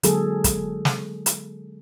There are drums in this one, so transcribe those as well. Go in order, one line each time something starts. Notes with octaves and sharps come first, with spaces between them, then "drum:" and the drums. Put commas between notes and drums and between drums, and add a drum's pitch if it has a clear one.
D3 F#3 G#3 A#3 G#4 A4, drum: hi-hat
drum: kick, hi-hat
drum: snare
drum: hi-hat